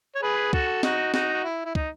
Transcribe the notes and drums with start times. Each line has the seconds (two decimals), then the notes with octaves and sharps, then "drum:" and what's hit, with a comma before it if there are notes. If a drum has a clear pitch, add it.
0.15 C#5
0.22 G#4 B4
0.53 F#4 A4, drum: kick
0.83 D#4 F#4, drum: snare
1.14 D#4 F#4, drum: snare
1.34 F#4
1.44 E4
1.65 E4
1.75 D#4, drum: kick